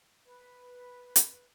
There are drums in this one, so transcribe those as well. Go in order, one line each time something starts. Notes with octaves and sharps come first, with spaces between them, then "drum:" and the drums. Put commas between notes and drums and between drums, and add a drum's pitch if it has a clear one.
B4
drum: hi-hat